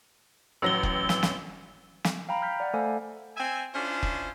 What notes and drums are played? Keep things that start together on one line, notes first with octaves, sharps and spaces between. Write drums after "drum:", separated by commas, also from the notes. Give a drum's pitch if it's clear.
A1 F#3 E6 A#6 G7
drum: kick
drum: snare
drum: snare
drum: snare
F5 G5 A#5 B5
F6 G6 B6
D5 F#5
A3 A4 C5 F5 G#5
C4 E5 G#5
C#4 D4 E4 F4 C5
drum: kick